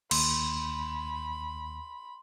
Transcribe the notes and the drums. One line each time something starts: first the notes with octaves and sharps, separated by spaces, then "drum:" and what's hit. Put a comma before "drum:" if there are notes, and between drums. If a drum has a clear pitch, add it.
D#2 B5 C6, drum: cymbal